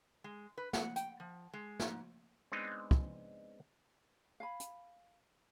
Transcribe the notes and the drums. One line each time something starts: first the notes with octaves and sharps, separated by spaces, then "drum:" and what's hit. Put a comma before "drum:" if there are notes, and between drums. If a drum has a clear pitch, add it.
G#3
B4
F#5, drum: snare
G5, drum: hi-hat
F3
G#3
G#2, drum: snare
G#3 B3 C4 D4 D#4
drum: kick
F5 G#5 B5
drum: hi-hat